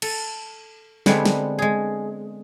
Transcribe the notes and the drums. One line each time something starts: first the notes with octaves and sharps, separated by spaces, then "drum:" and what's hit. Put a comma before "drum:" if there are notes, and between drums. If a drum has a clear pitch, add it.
A4, drum: cymbal
D3 G3 G#3 B3 C4 D4, drum: snare
drum: snare
G#3 G#4